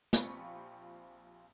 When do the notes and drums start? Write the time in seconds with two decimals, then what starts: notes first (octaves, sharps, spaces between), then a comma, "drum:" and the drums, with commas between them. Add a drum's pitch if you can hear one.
0.13 A#1 C4 F4 G4 B5 C#6, drum: hi-hat